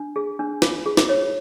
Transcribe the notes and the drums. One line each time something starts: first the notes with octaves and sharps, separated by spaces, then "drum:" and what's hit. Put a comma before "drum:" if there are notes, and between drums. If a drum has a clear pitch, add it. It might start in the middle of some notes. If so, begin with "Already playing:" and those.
Already playing: D4
G#4
D4
F4, drum: snare
G#4
drum: snare
C#5